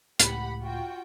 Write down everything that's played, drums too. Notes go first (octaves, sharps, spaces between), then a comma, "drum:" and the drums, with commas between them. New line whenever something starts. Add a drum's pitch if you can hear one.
C#2 A2 G4 F#5 B5, drum: hi-hat
F4 F#4 G5